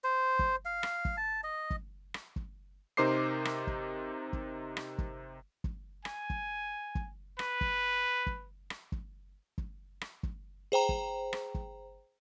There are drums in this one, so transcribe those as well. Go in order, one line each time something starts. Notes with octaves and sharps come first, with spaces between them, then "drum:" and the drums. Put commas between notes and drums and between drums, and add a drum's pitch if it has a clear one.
C5
drum: kick G1
F5
drum: rim click
drum: kick G1
A5
D#5
drum: kick G1
drum: rim click
drum: kick G1
C3 D#4 A#4 C5 D6 C7
drum: rim click
drum: kick G1
drum: kick G1
drum: rim click
drum: kick G1
drum: kick G1
G#5, drum: rim click
drum: kick G1
drum: kick G1
B4, drum: rim click
drum: kick G1
drum: kick G1
drum: rim click
drum: kick G1
drum: kick G1
drum: rim click
drum: kick G1
G#4 C5 G5 A#5
drum: kick G1
drum: rim click
drum: kick G1